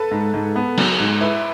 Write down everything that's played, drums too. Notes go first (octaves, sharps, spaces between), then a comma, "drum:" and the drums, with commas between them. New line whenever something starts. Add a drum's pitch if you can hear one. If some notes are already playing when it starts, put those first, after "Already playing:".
Already playing: A4 B4
G#2
G#2
B3
F#3, drum: cymbal
G#2
E4 B4